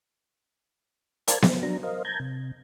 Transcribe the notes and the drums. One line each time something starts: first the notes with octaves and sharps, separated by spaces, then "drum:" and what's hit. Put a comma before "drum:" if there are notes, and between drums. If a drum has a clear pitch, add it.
A#4 C5 D5 F5 A5 G#6, drum: hi-hat
C5, drum: snare B3
F#3 D4 A#5
A#4 C5 D#5 F5
A5 A#5 G6 G#6
C3